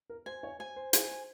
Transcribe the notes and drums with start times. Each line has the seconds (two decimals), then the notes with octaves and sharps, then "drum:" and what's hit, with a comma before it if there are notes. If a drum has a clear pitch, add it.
0.10 A#4
0.26 C5 G#5
0.43 C#5
0.59 C5 G#5
0.76 C5
0.93 G#5, drum: hi-hat